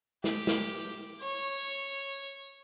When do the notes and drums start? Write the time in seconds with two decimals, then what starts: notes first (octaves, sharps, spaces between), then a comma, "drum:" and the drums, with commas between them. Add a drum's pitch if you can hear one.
0.24 G4, drum: snare
0.47 drum: snare
1.21 C#5